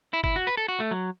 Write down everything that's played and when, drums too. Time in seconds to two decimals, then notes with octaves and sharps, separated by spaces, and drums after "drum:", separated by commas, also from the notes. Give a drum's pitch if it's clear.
0.13 E4
0.24 E4, drum: kick
0.36 F#4
0.47 B4
0.57 A4
0.68 F#4
0.80 A3
0.91 F#3